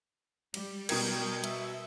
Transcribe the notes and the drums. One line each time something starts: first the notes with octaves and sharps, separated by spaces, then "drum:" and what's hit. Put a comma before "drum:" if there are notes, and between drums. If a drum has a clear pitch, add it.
G3, drum: cymbal
B2 A#4 G5 D#6 G#6, drum: cymbal
E5, drum: hi-hat